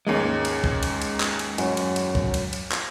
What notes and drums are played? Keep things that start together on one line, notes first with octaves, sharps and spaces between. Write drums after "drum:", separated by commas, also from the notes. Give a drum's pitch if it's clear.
D#2 G#2 G#3 A#3 C#4
drum: cymbal
drum: kick B1
drum: cymbal
drum: cymbal
drum: clap
drum: cymbal
F#2, drum: cymbal
drum: cymbal
drum: cymbal
drum: kick B1
drum: cymbal
drum: cymbal
drum: clap